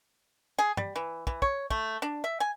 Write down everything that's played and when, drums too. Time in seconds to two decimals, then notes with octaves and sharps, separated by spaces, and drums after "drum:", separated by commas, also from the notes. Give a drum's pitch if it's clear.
0.59 G#4
0.77 G3, drum: tom
0.96 E3
1.27 E3, drum: kick
1.42 C#5, drum: kick
1.70 A3, drum: kick
2.02 D4
2.24 E5
2.40 G#5